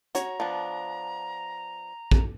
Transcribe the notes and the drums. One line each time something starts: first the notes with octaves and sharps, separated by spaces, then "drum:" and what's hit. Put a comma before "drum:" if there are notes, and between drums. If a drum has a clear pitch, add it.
F#4 C#5 A#5, drum: hi-hat
F3 B3 D4
drum: kick